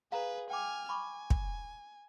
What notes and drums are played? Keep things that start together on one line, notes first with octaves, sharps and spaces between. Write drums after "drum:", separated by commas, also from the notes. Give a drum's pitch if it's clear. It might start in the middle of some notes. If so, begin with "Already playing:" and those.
G#4 B4 F5 A#5
G5 G#5 D6 F6
G#5 B5 C#6 D6
drum: kick